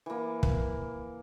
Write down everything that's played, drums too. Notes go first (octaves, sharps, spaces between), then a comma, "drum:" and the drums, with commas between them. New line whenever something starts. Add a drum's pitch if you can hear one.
E3 A#3
drum: kick